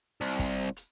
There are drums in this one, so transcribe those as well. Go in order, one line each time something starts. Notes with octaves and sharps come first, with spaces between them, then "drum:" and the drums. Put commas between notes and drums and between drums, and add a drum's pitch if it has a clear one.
C2
drum: kick, hi-hat
drum: hi-hat